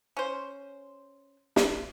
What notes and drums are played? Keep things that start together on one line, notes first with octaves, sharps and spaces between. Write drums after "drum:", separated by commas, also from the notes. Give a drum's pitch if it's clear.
C#4 C5
drum: snare